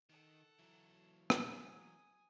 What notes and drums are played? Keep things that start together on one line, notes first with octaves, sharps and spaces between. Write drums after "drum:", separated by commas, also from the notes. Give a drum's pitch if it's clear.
D#3 A4 F#5
E3 F#3
G#5 D#6, drum: rim click